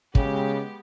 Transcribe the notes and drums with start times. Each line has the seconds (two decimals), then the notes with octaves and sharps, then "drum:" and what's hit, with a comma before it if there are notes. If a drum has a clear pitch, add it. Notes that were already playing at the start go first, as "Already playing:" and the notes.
0.15 C#3 G#3 B3 G4, drum: kick